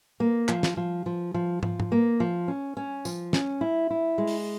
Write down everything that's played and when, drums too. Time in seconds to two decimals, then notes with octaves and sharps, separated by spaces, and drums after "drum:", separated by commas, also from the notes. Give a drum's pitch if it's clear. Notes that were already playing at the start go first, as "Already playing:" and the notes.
0.20 A#3
0.49 F3, drum: clap
0.63 drum: snare
0.77 F3
1.06 F3
1.34 F3
1.63 F3, drum: tom
1.80 drum: tom G#2
1.92 A#3
2.20 F3
2.48 C#4
2.77 C#4
3.05 F3, drum: tambourine
3.33 C#4, drum: snare
3.61 E4
3.90 E4
4.18 G#3
4.27 drum: open hi-hat